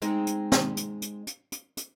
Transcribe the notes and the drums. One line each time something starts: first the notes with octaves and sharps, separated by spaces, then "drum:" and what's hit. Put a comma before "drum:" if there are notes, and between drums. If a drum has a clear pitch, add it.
G#3 C4 D#4, drum: hi-hat
drum: hi-hat
drum: snare
drum: hi-hat
drum: hi-hat
drum: hi-hat
drum: hi-hat
drum: hi-hat